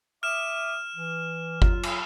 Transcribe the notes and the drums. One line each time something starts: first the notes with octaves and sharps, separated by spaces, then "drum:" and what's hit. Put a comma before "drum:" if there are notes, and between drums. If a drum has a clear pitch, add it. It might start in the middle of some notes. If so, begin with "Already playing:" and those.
E5 D6 D#6 F6 E7
E3
F#3 F4, drum: kick G1
drum: cymbal